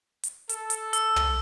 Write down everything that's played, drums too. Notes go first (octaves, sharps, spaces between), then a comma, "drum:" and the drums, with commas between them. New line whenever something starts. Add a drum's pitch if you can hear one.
drum: hi-hat
A4, drum: hi-hat
drum: hi-hat
E6, drum: hi-hat
drum: tom